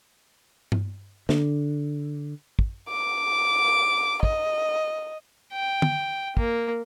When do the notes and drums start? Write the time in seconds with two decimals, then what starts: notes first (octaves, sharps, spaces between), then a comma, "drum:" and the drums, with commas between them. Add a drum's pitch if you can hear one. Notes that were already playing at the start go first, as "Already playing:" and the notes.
0.72 drum: tom G2
1.29 D3, drum: snare
2.59 drum: kick
2.88 D6
4.23 D#5, drum: kick
5.53 G5
5.82 drum: tom
6.37 A#3, drum: kick